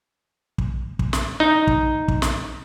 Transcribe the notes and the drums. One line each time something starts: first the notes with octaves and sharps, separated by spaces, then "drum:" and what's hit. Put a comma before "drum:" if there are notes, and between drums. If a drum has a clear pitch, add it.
drum: kick
drum: kick
drum: snare
D#4
drum: kick
drum: kick
drum: snare